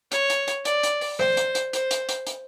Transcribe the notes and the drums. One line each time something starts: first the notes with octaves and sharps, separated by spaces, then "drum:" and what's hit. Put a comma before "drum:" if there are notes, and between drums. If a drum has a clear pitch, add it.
C#5, drum: hi-hat
drum: hi-hat
drum: hi-hat
D5, drum: hi-hat
drum: hi-hat
drum: open hi-hat
C5, drum: rim click
drum: hi-hat
drum: hi-hat
C5, drum: hi-hat
drum: hi-hat
drum: hi-hat
drum: hi-hat